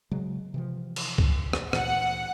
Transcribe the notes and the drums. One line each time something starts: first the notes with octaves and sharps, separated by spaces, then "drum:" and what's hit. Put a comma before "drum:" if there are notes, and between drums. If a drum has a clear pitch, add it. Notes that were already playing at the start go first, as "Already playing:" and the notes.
C#3 F#3 G#3
C3 E3 F3
drum: cymbal
drum: kick C#2
drum: rim click
D2 A#2 E3 F#5, drum: rim click